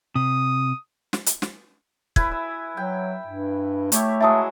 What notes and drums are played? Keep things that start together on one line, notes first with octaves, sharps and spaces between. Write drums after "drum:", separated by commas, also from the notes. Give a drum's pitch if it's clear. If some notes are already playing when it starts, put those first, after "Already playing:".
C3 D#6
drum: snare
drum: hi-hat
drum: snare
E4 B4 G#5 G#6, drum: kick
E5
F#3 G5
G2
A3 E4 G4 C#5, drum: hi-hat
E3 F#3 G#3 E5 A5 D#6